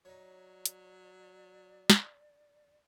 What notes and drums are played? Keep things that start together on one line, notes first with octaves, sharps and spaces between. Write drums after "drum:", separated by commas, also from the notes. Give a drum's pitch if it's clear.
F#3 D#4 C#5 D5
drum: hi-hat
drum: snare